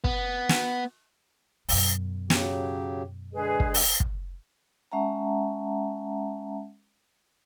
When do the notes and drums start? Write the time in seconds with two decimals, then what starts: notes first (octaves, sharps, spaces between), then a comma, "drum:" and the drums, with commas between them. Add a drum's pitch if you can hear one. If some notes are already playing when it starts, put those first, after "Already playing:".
0.04 B3, drum: kick
0.49 drum: snare
1.69 F#2 B2, drum: open hi-hat
2.30 C#3 F#3 G4, drum: snare
3.33 D3 G#3 G#4 B4
3.60 drum: kick
3.74 drum: open hi-hat
4.00 drum: kick
4.92 G#3 C#4 E5 F#5 A5 A#5